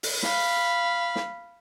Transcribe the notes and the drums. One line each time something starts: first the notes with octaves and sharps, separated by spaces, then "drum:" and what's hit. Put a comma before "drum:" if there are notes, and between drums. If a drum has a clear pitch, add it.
drum: open hi-hat
F5 B5, drum: snare
drum: snare